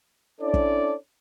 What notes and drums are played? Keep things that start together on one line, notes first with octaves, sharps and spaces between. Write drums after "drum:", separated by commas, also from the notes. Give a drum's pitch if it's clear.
C#4 D4 E4 A4 C#5 D5
drum: kick